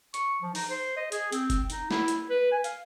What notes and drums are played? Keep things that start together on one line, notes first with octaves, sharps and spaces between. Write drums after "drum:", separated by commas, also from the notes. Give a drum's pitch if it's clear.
C#6, drum: hi-hat
F3
D#4, drum: open hi-hat
C5
D#5
G#4, drum: hi-hat
C4, drum: hi-hat
drum: kick, hi-hat
D#4, drum: hi-hat
E4, drum: snare
drum: hi-hat
B4
G#5
F5, drum: hi-hat